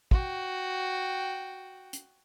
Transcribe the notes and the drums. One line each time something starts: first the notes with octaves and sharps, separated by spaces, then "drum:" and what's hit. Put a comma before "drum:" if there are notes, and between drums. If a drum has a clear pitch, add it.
F#4 G5, drum: kick
drum: hi-hat